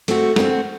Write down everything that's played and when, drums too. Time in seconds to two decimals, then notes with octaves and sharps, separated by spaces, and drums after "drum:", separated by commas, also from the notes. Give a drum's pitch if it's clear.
0.08 A3 C4 F#4, drum: cymbal
0.36 A3 C4 F#4, drum: snare